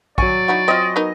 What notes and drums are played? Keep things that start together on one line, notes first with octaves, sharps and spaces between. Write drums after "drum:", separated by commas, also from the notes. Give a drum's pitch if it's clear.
F#3 D5 G#5 C#6, drum: kick A#1
D#4 E4 F#4
C4 F4 D#5
B3 D#4 A#4